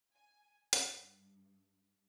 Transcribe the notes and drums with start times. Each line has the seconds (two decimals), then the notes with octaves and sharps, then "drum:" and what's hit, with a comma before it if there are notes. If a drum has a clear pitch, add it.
0.14 G#5
0.73 G2, drum: hi-hat